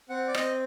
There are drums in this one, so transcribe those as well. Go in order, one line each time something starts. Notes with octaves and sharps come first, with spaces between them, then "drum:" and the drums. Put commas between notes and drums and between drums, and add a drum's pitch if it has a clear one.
C4 F#5
D5
C4 D#5, drum: rim click